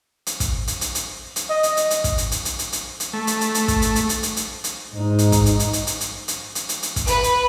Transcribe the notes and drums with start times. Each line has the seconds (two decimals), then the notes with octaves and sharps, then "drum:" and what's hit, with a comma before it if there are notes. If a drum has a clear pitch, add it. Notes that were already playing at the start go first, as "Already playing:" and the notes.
0.26 drum: hi-hat
0.40 drum: kick, hi-hat
0.67 drum: hi-hat
0.81 drum: hi-hat
0.95 drum: hi-hat
1.36 drum: hi-hat
1.50 D#5
1.63 drum: hi-hat
1.77 drum: hi-hat
1.91 drum: hi-hat
2.04 drum: kick, hi-hat
2.18 drum: hi-hat
2.32 drum: hi-hat
2.45 drum: hi-hat
2.59 drum: hi-hat
2.73 drum: hi-hat
3.00 drum: hi-hat
3.14 A3
3.27 drum: hi-hat
3.41 drum: hi-hat
3.55 drum: hi-hat
3.68 drum: kick, hi-hat
3.82 drum: hi-hat
3.96 drum: hi-hat
4.09 drum: hi-hat
4.23 drum: hi-hat
4.37 drum: hi-hat
4.64 drum: hi-hat
4.93 G#2 D#4
5.19 drum: hi-hat
5.32 drum: kick, hi-hat
5.46 drum: hi-hat
5.60 drum: hi-hat
5.73 drum: hi-hat
5.87 drum: hi-hat
6.01 drum: hi-hat
6.28 drum: hi-hat
6.55 drum: hi-hat
6.69 drum: hi-hat
6.83 drum: hi-hat
6.96 drum: kick, hi-hat
7.07 B4, drum: hi-hat
7.24 drum: hi-hat